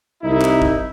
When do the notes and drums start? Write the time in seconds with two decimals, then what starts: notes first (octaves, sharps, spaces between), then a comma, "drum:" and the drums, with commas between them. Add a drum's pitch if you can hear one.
0.22 C2 D#4 E4
0.42 drum: clap
0.62 drum: kick